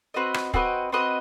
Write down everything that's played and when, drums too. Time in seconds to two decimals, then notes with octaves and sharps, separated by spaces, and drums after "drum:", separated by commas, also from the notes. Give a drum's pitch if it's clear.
0.14 C4 F#4 B4 D#5
0.34 drum: rim click
0.54 C4 F#4 B4 D#5, drum: kick
0.92 C4 F#4 B4 D#5